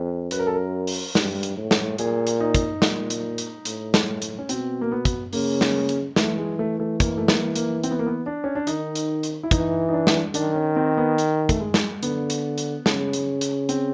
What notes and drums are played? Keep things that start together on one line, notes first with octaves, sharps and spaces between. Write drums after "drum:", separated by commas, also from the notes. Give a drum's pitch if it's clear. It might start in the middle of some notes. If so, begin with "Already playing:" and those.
Already playing: F2
F#2 B4, drum: hi-hat
A#4
A4
A#4
drum: open hi-hat
G2, drum: snare
drum: hi-hat
A2
drum: snare
A#2 G#4, drum: hi-hat
drum: hi-hat
D#4
drum: kick, hi-hat
A#2, drum: snare
drum: hi-hat
drum: hi-hat
A2, drum: hi-hat
drum: snare
drum: hi-hat
C#4
B2 C4, drum: hi-hat
A#3
B3
drum: kick, hi-hat
C#3 A#3, drum: open hi-hat
drum: snare
drum: hi-hat
E3 A3, drum: snare
G#3
A3
A3
A#3, drum: kick, hi-hat
A3
A#3, drum: snare
A#3, drum: hi-hat
C4, drum: hi-hat
B3
A#3
B3
D4
C#4
D4
D#3 D#4, drum: hi-hat
drum: hi-hat
drum: hi-hat
E4
E3 D#4, drum: kick, hi-hat
D#4
D4
drum: snare
D#3 D4, drum: hi-hat
C#4
C4
B3
drum: hi-hat
A3, drum: kick, hi-hat
G#3
drum: snare
D3 B3, drum: hi-hat
drum: hi-hat
drum: hi-hat
C#3, drum: snare
drum: hi-hat
drum: hi-hat
C4, drum: hi-hat